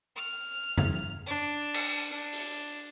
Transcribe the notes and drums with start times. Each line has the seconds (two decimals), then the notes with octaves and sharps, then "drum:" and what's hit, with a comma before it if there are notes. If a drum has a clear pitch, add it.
0.16 F6
0.78 drum: tom F2
1.27 D4
1.74 drum: cymbal
2.11 D4
2.33 drum: open hi-hat